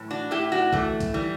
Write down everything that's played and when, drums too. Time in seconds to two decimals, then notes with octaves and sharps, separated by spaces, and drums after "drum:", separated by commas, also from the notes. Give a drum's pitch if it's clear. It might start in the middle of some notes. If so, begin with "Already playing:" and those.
Already playing: A2 E3
0.10 D4 F#4
0.31 A2 E4 G4
0.52 D4 F#4
0.73 E3 A3, drum: kick
1.00 drum: kick, hi-hat
1.14 E3 G3